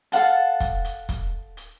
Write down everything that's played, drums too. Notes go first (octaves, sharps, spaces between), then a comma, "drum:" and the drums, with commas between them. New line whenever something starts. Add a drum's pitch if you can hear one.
A4 F5 F#5 A5, drum: hi-hat
drum: kick, hi-hat
drum: hi-hat
drum: kick, hi-hat
drum: hi-hat